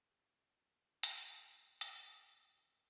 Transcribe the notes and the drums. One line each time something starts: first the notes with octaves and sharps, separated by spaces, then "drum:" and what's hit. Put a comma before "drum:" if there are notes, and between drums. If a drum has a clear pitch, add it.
C4 G4 G#4
drum: hi-hat
drum: hi-hat